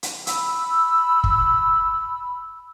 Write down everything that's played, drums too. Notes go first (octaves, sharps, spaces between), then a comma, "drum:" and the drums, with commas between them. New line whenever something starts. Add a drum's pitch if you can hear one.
drum: hi-hat
B5 E6, drum: hi-hat
drum: kick